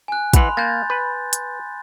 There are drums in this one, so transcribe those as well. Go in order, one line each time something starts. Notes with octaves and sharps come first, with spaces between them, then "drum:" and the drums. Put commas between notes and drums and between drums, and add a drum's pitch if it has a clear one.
G#5 F#6
E3 F#5 B5 C6, drum: kick, hi-hat
A#3 G6 A6
B4
drum: hi-hat